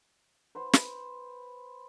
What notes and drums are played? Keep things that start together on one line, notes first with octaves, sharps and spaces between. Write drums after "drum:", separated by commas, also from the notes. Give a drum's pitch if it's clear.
B4 C5 B5
drum: snare